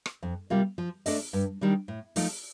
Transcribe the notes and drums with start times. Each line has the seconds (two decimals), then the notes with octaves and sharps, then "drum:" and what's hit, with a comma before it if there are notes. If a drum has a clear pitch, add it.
0.06 drum: rim click
0.23 F2
0.50 C3 G3 A#3 F4
0.78 F3
1.06 A3 D4 A4 D#5, drum: open hi-hat
1.33 G2
1.61 D#3 G3 D4
1.88 A2
2.16 F3 A3 D#4, drum: open hi-hat